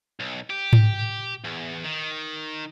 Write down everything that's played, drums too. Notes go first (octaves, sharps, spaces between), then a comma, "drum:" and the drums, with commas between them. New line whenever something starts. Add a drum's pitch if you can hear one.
B1
G4
drum: tom G#2
E2
D#3